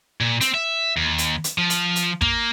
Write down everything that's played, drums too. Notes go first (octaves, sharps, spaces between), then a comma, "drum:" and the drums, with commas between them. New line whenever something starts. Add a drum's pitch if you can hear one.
A#2
C4, drum: hi-hat
E5
D#2
drum: hi-hat
drum: hi-hat
F3
drum: hi-hat
drum: hi-hat
A#3, drum: kick